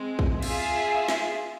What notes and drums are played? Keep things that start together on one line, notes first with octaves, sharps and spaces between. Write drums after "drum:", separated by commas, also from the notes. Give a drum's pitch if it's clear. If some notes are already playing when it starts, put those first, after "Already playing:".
Already playing: G#3 C4
drum: kick
F4 G#4 E5, drum: cymbal
drum: snare